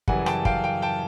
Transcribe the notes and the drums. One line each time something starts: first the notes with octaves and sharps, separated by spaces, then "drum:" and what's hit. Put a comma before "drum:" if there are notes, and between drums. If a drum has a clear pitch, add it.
F#2 C#3 E3 G3 F#5 G#5, drum: kick
G5 A5, drum: rim click
F5 G5, drum: kick
F5 G5
G5 A5